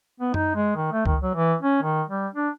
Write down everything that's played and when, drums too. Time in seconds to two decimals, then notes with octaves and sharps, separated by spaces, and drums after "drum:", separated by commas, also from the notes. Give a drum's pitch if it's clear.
0.20 B3
0.34 D#4, drum: tom F#2
0.55 G#3
0.76 D#3
0.93 A3
1.06 D#3, drum: kick C#2
1.22 F#3
1.35 E3
1.62 C#4
1.82 D#3
2.08 G3
2.34 D4